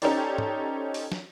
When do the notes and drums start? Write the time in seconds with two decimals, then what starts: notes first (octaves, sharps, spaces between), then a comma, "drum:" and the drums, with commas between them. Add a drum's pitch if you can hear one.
0.02 C#4 D#4 G4 A4 C5 D5, drum: open hi-hat
0.38 drum: tom
0.94 drum: open hi-hat
1.12 drum: snare